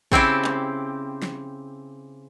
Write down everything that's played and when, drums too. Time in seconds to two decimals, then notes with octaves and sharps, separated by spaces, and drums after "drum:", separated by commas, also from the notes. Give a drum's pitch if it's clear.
0.12 C#3 C4 E4 G4, drum: kick A1
0.44 drum: clap
1.22 drum: snare